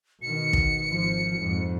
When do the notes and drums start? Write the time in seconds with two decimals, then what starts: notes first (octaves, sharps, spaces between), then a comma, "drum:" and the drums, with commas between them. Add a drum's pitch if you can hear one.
0.22 B2 D#3 C#7
0.53 drum: kick
0.87 G#1 F3
1.38 F2 G#2